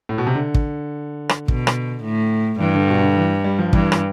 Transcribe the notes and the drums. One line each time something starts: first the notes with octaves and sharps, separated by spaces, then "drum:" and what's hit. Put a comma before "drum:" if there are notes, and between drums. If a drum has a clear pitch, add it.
A2
B2
C3
D3
drum: kick
drum: rim click
B2, drum: kick
drum: rim click
A2
G2 E3
D3
B2
D3
E3
G3
F3
G2 E3, drum: kick
drum: rim click